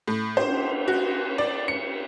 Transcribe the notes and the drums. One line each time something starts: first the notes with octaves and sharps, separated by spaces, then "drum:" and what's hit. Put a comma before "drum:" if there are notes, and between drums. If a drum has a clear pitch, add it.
A2
C5, drum: cymbal
F#4
D5
C#7